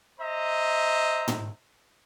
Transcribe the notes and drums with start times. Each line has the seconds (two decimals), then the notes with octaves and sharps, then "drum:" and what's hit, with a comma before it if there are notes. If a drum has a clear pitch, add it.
0.20 C5 D#5 E5 A#5
1.28 drum: tom